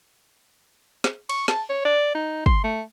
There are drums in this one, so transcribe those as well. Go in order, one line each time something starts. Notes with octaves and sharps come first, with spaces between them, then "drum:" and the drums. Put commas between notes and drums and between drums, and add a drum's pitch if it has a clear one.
drum: snare
C#6, drum: cymbal
A5, drum: snare
C#5
D5
D#4
C6, drum: kick
A3